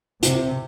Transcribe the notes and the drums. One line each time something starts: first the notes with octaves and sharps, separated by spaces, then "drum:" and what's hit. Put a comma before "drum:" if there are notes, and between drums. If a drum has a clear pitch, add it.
C3, drum: hi-hat